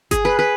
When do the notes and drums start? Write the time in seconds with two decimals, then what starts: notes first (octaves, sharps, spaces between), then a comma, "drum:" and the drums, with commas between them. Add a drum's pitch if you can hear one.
0.11 G#4, drum: kick G1, hi-hat
0.25 B4
0.39 B4